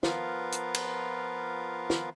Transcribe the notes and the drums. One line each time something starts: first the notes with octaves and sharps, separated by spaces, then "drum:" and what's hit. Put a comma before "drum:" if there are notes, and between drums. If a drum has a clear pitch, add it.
F3 B3 F4 A#4 B4 F5, drum: snare
drum: hi-hat
drum: cymbal
drum: snare